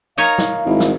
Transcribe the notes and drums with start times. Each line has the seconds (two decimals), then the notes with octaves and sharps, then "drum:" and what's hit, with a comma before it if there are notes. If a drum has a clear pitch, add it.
0.18 D#4 A#4 C#5 F5
0.38 drum: snare
0.66 G#1 E4
0.80 drum: snare